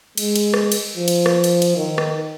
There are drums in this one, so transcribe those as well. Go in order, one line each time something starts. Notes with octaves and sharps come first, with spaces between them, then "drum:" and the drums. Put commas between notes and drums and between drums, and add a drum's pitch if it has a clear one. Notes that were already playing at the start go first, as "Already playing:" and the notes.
G#3, drum: cymbal
drum: cymbal
drum: rim click
drum: cymbal
F3
drum: cymbal
drum: rim click
drum: cymbal
drum: cymbal
D#3
drum: rim click